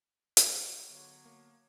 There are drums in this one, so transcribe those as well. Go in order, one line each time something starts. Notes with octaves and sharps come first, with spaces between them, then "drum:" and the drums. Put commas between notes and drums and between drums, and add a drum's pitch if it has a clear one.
drum: hi-hat
D3 F#3 B3 C#5
A#3